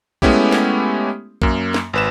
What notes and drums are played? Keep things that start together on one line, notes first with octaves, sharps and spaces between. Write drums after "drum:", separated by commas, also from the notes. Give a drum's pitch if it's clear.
G#3 A3 B3 C#4 E4 G4, drum: kick A#1
drum: snare
F#2 A#3, drum: kick A#1
drum: snare
G#1 B4 E7